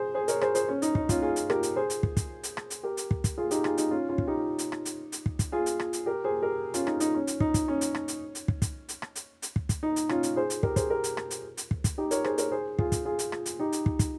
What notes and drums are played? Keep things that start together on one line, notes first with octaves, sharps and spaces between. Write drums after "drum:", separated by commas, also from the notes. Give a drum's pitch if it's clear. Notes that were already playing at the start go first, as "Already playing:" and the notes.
Already playing: G#4 C5
G#4 C5
A#4 C#5, drum: hi-hat
G#4 C5, drum: rim click
G#4 C5, drum: hi-hat
C#4
D#4, drum: hi-hat
D#4, drum: kick
C#4 F4, drum: kick, hi-hat
F4 G#4
drum: hi-hat
G4 A#4, drum: rim click
drum: hi-hat
G#4 C5
drum: hi-hat
drum: kick
drum: kick, hi-hat
drum: hi-hat
drum: rim click
drum: hi-hat
G4 A#4
drum: hi-hat
drum: kick
drum: kick, hi-hat
F4 G#4
D#4 G4, drum: hi-hat
F4 G#4, drum: rim click
D#4 G4, drum: hi-hat
C#4 F4
C#4 F4
drum: kick
D#4 G4
drum: hi-hat
drum: rim click
drum: hi-hat
drum: hi-hat
drum: kick
drum: kick, hi-hat
F4 G#4
drum: hi-hat
drum: rim click
drum: hi-hat
G4 A#4
G#4 C5
G4 A#4
C#4 F4, drum: hi-hat
D#4, drum: rim click
D#4, drum: hi-hat
C#4
drum: hi-hat
D#4, drum: kick
drum: kick, hi-hat
C#4
drum: hi-hat
drum: rim click
drum: hi-hat
drum: hi-hat
drum: kick
drum: kick, hi-hat
drum: hi-hat
drum: rim click
drum: hi-hat
drum: hi-hat
drum: kick
drum: kick, hi-hat
D#4
drum: hi-hat
C#4 F4, drum: rim click
drum: hi-hat
G#4 C5
drum: hi-hat
G4 A#4, drum: kick
G#4 C5, drum: kick, hi-hat
G4 A#4
drum: hi-hat
drum: rim click
drum: hi-hat
drum: hi-hat
drum: kick
drum: kick, hi-hat
D#4 G4
A#4 C#5, drum: hi-hat
G#4 C5, drum: rim click
A#4 C#5, drum: hi-hat
G#4 C5
F4 G#4, drum: kick
drum: kick, hi-hat
F4 G#4
drum: hi-hat
drum: rim click
drum: hi-hat
D#4 G4
drum: hi-hat
drum: kick
drum: kick, hi-hat